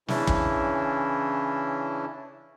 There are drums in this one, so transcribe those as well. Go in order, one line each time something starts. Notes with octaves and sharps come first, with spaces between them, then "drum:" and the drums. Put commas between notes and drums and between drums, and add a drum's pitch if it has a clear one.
C#3 E3 C#4 D4 E4, drum: snare
drum: kick